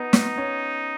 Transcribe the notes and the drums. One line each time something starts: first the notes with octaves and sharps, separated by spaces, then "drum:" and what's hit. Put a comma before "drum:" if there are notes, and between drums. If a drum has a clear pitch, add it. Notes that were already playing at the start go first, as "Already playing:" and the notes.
Already playing: B3 D#4
drum: snare
C#4